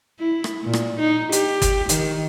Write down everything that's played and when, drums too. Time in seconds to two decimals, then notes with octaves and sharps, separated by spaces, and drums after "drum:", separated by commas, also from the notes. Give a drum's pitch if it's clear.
0.19 E4
0.44 drum: rim click
0.63 A#2
0.73 drum: rim click
0.99 D#4
1.32 G4, drum: hi-hat
1.62 drum: kick, hi-hat
1.89 D#3, drum: hi-hat